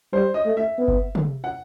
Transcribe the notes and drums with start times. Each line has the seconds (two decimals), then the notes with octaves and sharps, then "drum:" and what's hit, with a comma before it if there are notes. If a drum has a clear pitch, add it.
0.13 G3 C5
0.34 D#5
0.46 A3
0.57 E5
0.78 B3
0.88 drum: kick G1
1.15 drum: tom
1.44 F#5